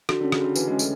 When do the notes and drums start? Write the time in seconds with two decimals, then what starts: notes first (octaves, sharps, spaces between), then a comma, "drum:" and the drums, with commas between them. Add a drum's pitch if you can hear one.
0.09 D3 F#4, drum: rim click
0.21 D3
0.24 C#4
0.32 C#3, drum: rim click
0.41 D3 F#4
0.56 E3 B4, drum: tambourine
0.68 G#3
0.71 C#4
0.79 A3, drum: tambourine